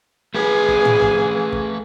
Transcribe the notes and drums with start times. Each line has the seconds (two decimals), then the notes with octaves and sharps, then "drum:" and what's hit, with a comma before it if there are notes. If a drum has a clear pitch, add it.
0.35 A3 G#4 B4 G#5
0.68 drum: kick
0.85 drum: tom
1.02 drum: kick
1.52 drum: kick